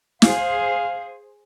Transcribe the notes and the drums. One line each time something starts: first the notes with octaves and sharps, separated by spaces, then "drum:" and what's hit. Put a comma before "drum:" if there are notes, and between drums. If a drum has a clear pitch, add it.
G#4 C5 F5, drum: snare